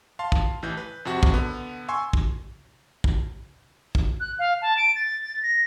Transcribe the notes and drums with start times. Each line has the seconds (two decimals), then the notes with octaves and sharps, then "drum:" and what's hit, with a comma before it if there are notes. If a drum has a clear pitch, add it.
0.19 F5 A5 C6
0.32 drum: kick
0.62 A1 E3 G6
0.77 B4
1.05 F2 C3 F#4 F#5
1.23 drum: kick
1.32 D3 B3
1.88 G#5 C6 C#6 E6
2.13 drum: kick
3.04 drum: kick
3.95 drum: kick
4.20 F#6
4.39 F5
4.62 A5
4.78 D7
4.95 A6
5.43 A#6